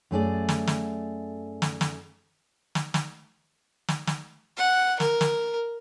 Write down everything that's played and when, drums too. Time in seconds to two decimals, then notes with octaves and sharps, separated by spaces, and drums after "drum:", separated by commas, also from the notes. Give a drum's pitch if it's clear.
0.11 F#2 A3 G#4 D5
0.49 drum: snare
0.67 drum: snare
1.62 drum: snare
1.81 drum: snare
2.75 drum: snare
2.94 drum: snare
3.88 drum: snare
4.07 drum: snare
4.57 F#5
5.00 A#4, drum: snare
5.21 drum: snare